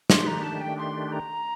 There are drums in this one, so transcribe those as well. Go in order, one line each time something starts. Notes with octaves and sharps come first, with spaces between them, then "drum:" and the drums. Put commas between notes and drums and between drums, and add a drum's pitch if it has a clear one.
D#3 A3 D4 G4 C6, drum: snare
A#5
A5
G5
C6
A#5